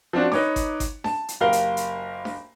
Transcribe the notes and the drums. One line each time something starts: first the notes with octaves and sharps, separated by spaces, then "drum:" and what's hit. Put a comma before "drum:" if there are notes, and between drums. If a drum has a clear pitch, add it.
F3 C4 D4 F#4
D#4 B4 C#5 D6, drum: snare D4
drum: kick G1, hi-hat
drum: kick G1, hi-hat
A5, drum: snare D4
drum: hi-hat
F#1 G4 A#4 F5 G7
drum: hi-hat
drum: hi-hat
drum: snare D4